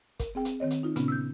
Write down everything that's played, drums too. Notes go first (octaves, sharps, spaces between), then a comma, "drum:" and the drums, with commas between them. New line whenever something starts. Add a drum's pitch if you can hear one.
A#4, drum: kick, hi-hat
C4 G#4 G5
drum: hi-hat
D#3 C4 C#5 D#5
drum: hi-hat
D#4 F4
A#2 C#3 B3 C#4, drum: hi-hat
E6 G6